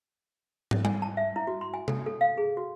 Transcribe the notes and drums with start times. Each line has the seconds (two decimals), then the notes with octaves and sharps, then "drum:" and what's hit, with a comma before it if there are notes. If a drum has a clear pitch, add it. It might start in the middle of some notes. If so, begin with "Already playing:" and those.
0.71 drum: tom
0.85 G#5, drum: tom G3
1.02 A5
1.17 E5
1.36 E4
1.47 F#4
1.61 C6
1.74 G#5
1.88 A4, drum: tom C3
2.06 A4
2.21 F5
2.38 G#4
2.57 F#4